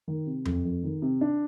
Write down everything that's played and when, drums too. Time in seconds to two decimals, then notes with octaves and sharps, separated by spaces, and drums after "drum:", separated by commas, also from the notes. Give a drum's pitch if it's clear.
0.08 D#3
0.27 C3
0.45 F2, drum: tom E2
0.65 F2
0.83 D#3
1.02 C3
1.21 D4